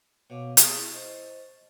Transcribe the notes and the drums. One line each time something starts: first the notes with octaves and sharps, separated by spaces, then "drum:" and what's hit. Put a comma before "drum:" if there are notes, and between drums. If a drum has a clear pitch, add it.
B2 C#5 F5 D6
G#4 A5 C#6 D#6, drum: hi-hat
E4
C5 D#5